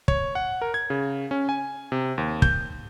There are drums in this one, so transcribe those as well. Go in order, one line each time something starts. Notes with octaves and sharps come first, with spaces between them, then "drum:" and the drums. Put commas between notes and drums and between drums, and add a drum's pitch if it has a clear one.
C#5, drum: kick
F#5
A#4
G#6
C#3
C#4
G#5
C3
D#2
G6, drum: kick